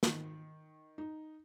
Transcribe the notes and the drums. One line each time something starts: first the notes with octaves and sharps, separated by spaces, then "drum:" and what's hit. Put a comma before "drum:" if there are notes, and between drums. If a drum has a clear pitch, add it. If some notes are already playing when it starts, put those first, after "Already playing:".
D#3, drum: snare
D#4